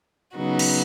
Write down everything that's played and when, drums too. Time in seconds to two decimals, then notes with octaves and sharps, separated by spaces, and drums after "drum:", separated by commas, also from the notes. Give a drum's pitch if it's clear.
0.35 C#3 F#3 B3 D#4 F#4
0.59 drum: cymbal